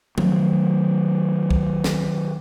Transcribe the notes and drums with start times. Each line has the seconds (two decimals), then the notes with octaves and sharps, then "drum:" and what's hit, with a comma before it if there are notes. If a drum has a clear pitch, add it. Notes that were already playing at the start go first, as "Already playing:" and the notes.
0.18 D#3 F#3 A3, drum: tom F3
1.50 drum: kick
1.84 drum: snare